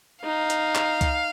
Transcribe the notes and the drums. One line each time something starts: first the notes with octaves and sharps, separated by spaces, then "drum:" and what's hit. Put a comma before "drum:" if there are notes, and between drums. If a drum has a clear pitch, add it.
D#4 F5
drum: hi-hat
drum: clap
drum: kick C2, hi-hat